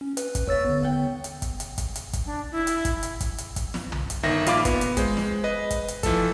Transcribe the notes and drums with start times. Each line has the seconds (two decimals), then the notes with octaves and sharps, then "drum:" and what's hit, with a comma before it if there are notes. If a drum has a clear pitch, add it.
0.01 C#4
0.17 B4, drum: hi-hat
0.35 drum: kick, hi-hat
0.47 D#2 C#5 E5 E6 A6
0.65 D3 B3
0.83 F#5 G5
1.24 drum: hi-hat
1.42 drum: kick, hi-hat
1.60 drum: hi-hat
1.78 drum: kick, hi-hat
1.96 drum: hi-hat
2.13 drum: kick, hi-hat
2.26 D4
2.51 E4
2.67 drum: hi-hat
2.85 drum: kick, hi-hat
3.03 drum: hi-hat
3.21 drum: kick, hi-hat
3.38 drum: hi-hat
3.56 drum: kick, hi-hat
3.74 drum: snare
3.92 drum: tom
4.10 drum: hi-hat
4.23 G1 D#3 E5 A#6
4.46 A#1 F4 F5 B5 D6, drum: hi-hat
4.65 B3, drum: kick, hi-hat
4.81 drum: hi-hat
4.97 G#3 C5, drum: kick, hi-hat
5.17 drum: snare
5.44 B4 D#5
5.70 drum: kick, hi-hat
5.88 drum: hi-hat
6.03 E3 F3 A3 A4, drum: kick, hi-hat